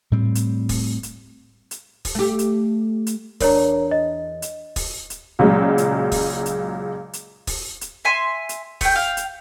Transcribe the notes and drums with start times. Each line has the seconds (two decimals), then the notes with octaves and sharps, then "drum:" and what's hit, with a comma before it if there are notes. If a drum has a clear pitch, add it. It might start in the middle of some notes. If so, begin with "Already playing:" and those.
0.12 A2 G3 C4
0.35 drum: hi-hat
0.69 drum: kick, open hi-hat
1.03 drum: hi-hat
1.71 drum: hi-hat
2.05 drum: kick, open hi-hat
2.15 A3 G4
2.39 drum: hi-hat
3.07 drum: hi-hat
3.40 E2 D4 A#4 C#5 A#5, drum: kick, open hi-hat
3.91 D#5
4.42 drum: hi-hat
4.76 drum: kick, open hi-hat
5.10 drum: hi-hat
5.39 C#2 A#2 C#3 F#3 G#3
5.78 drum: hi-hat
6.12 drum: kick, open hi-hat
6.46 drum: hi-hat
7.13 drum: hi-hat
7.47 drum: kick, open hi-hat
7.81 drum: hi-hat
8.05 E5 G#5 C6
8.49 drum: hi-hat
8.81 A3 G5, drum: kick, open hi-hat
8.95 F5 G5
9.17 drum: hi-hat